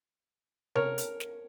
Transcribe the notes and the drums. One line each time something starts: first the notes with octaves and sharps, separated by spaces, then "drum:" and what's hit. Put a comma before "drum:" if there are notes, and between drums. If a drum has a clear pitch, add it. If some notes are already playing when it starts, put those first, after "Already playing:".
A#4 C#5, drum: tom C3
drum: hi-hat
drum: snare